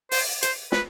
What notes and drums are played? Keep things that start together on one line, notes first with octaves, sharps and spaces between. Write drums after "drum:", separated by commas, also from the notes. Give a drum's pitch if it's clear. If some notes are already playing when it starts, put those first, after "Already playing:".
C5, drum: open hi-hat
C5, drum: hi-hat
B4, drum: snare